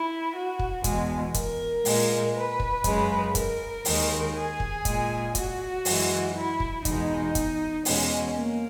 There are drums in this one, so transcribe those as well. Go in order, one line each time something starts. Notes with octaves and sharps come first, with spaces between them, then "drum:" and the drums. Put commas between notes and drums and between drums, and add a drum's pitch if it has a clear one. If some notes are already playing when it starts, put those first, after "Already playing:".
Already playing: E4
F#4
drum: kick
E2 B2 G#3, drum: kick, hi-hat
A#4, drum: kick, hi-hat
A#2 G#3, drum: open hi-hat
B4
drum: kick
F#2 C#3 G#3, drum: kick, hi-hat
A#4, drum: kick, hi-hat
D#2 D#3 G#3, drum: open hi-hat
G#4
drum: kick
A#2 G#3, drum: kick, hi-hat
F#4, drum: kick, hi-hat
F#2 E3 G#3, drum: open hi-hat
E4
drum: kick
E2 B2 G#3 D#4, drum: kick, hi-hat
drum: kick, hi-hat
E2 B2 G#3 C#4, drum: open hi-hat
A#3